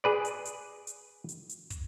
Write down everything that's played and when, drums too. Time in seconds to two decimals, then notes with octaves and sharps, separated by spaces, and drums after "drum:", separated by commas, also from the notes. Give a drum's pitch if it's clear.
0.04 G#4 B4 D5
0.25 drum: hi-hat
0.46 drum: hi-hat
0.87 drum: hi-hat
1.29 drum: hi-hat
1.50 drum: hi-hat
1.70 drum: kick, hi-hat